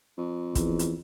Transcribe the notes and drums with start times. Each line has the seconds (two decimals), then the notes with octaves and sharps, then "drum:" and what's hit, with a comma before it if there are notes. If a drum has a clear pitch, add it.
0.17 F2
0.55 E2, drum: kick, hi-hat
0.79 drum: hi-hat